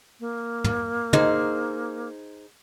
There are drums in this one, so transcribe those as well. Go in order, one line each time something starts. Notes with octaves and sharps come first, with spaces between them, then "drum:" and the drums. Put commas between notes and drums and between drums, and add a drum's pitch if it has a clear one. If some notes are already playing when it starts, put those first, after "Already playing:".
A#3
drum: tom
D#4 G#4 C5, drum: tom